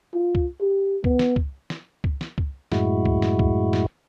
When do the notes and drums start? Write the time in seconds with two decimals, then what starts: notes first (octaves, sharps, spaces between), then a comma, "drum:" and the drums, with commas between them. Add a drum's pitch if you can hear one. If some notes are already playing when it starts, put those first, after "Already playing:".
0.14 F4
0.35 drum: kick
0.61 G4
1.04 B3, drum: kick
1.19 drum: snare
1.36 drum: kick
1.70 drum: snare
2.04 drum: kick
2.21 drum: snare
2.38 drum: kick
2.72 F#2 A2 G#3 E4 F#4, drum: snare
3.05 drum: kick
3.22 drum: snare
3.39 drum: kick
3.73 drum: snare